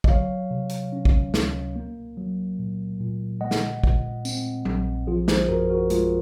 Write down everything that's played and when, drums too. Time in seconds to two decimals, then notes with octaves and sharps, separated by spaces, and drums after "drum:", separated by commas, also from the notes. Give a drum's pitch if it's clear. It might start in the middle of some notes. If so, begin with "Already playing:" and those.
0.04 D#5, drum: kick
0.09 F#3 C#5 F5
0.51 C3
0.69 drum: hi-hat
0.92 C#4
1.05 drum: kick
1.34 C#2, drum: snare
1.76 A#3
2.17 F#3
2.59 A#2
3.00 A#2
3.41 G#3 D#5 F#5
3.51 drum: snare
3.84 A#2, drum: kick
4.25 C4, drum: tambourine
4.65 A#1, drum: tom F#3
5.07 F3 F4 G#4
5.28 G#4 C5, drum: snare
5.48 F#2 F#4 A#4
5.70 F#4 A#4
5.90 G#3 F4 G#4, drum: hi-hat